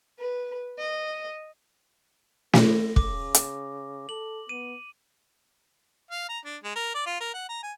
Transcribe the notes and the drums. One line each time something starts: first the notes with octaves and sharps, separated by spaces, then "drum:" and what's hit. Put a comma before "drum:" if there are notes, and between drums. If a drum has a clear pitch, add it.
B4
D#5
A#3 A#6, drum: snare
C#3 D6, drum: kick
drum: hi-hat
A4 F#7
B3 D#7
F5
A#5
D4
G#3
A#4
D5
F4
A#4
F#5
A#5
G#5